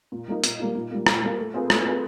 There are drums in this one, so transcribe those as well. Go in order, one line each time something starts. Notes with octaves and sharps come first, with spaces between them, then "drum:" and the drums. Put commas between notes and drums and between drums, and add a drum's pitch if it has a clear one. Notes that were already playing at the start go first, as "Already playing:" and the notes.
A#2
G3 A#3 D#4
A#2, drum: hi-hat
G3 A#3 D#4
A#2
G3 A#3
A#2, drum: rim click
G3 A#3
A3
C4 F4 G#4 B4
A3, drum: rim click
C4 F4 G#4 B4